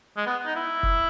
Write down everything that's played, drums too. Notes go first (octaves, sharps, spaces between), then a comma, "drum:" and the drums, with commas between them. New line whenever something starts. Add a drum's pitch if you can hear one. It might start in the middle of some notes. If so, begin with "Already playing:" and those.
G#3
B3
D#4
E4
drum: kick F1